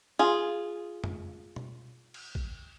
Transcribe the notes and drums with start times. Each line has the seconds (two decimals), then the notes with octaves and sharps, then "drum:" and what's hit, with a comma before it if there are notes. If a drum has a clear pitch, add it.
0.19 F4 G#4
1.04 drum: tom F2
1.56 drum: tom B2
2.14 drum: cymbal
2.35 drum: kick A#1